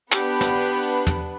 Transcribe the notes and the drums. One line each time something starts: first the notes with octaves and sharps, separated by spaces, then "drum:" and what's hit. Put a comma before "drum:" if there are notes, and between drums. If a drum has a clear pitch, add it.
B3 D4 G4 B4, drum: clap
drum: snare
drum: tom